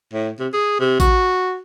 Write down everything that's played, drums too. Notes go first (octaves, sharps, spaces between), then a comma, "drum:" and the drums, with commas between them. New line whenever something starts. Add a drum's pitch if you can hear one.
A2
C3
G#4
C3
F#4, drum: kick A1, tambourine